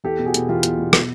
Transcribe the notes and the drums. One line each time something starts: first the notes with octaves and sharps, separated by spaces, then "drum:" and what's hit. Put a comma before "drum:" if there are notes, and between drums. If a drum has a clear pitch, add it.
E2 G4 A4
B2
F#4 G#4
B2, drum: hi-hat
E2 F4 G4
B2, drum: hi-hat
B2
B2, drum: rim click